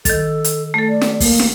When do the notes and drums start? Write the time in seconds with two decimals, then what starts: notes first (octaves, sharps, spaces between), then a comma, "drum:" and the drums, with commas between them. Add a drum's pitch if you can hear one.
0.05 D#3 A4 A6, drum: kick, hi-hat
0.44 drum: hi-hat
0.74 A3 A4
0.89 D5
1.01 drum: snare
1.20 A#3, drum: kick, open hi-hat
1.39 drum: snare